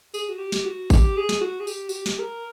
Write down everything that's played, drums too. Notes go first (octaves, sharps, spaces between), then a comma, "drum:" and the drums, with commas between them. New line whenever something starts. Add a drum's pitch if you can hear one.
G#4, drum: tambourine
F#4
G4
drum: snare
F#4
G4, drum: kick G1, tambourine
G#4
drum: snare
F#4
G#4
G4, drum: tambourine
F#4, drum: tambourine
G4
drum: snare
A#4